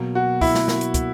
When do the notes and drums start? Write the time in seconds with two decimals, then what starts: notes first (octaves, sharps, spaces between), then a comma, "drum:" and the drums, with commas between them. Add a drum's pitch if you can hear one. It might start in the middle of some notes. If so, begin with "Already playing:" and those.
Already playing: B2 F#3 A#3
0.15 F#4
0.41 E4, drum: kick, open hi-hat
0.55 drum: snare
0.68 drum: snare
0.81 drum: hi-hat
0.94 drum: kick, hi-hat